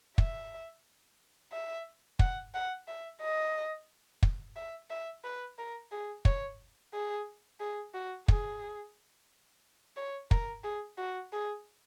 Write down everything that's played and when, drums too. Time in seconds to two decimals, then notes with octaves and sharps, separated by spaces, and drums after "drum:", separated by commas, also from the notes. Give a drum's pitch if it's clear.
0.18 E5, drum: kick
1.52 E5
2.19 F#5, drum: kick
2.54 F#5
2.88 E5
3.21 D#5
4.23 drum: kick
4.56 E5
4.90 E5
5.24 B4
5.58 A#4
5.92 G#4
6.25 C#5, drum: kick
6.93 G#4
7.60 G#4
7.94 F#4
8.28 G#4, drum: kick
9.97 C#5
10.31 A#4, drum: kick
10.64 G#4
10.98 F#4
11.32 G#4